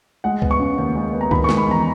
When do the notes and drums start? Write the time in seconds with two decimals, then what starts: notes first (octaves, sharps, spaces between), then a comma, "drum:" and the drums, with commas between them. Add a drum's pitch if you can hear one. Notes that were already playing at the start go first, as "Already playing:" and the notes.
0.24 G#3 F#5
0.42 B3, drum: kick C#2
0.51 C#6
0.59 C#3
0.78 D#2
0.95 G#3
1.13 B3
1.21 A#5
1.31 D#3 B5, drum: kick C#2
1.44 C#6
1.49 G#3, drum: snare
1.57 B5
1.67 E2 A#5